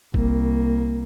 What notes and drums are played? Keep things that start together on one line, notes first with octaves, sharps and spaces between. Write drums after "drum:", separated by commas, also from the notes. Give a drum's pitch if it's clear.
C2 A#3, drum: kick